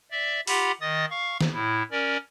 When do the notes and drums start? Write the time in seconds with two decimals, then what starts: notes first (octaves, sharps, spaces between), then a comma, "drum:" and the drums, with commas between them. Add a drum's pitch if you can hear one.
0.11 D5 E5
0.47 F4 G4 F#5 A#5 B5, drum: open hi-hat
0.81 D#3 D#5 D#6 A6
1.10 F5 C#6
1.41 drum: snare
1.53 A2 E4
1.91 C#4 A#4 D5